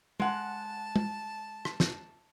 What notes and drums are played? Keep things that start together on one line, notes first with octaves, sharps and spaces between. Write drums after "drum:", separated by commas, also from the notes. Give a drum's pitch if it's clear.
G#3 F#5 A5, drum: tom
drum: tom
drum: rim click
drum: snare